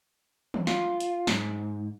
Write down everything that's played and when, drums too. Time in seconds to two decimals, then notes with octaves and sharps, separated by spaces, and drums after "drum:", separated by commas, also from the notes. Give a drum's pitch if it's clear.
0.54 drum: tom E3
0.67 F4, drum: snare
1.00 drum: hi-hat
1.27 G#2, drum: snare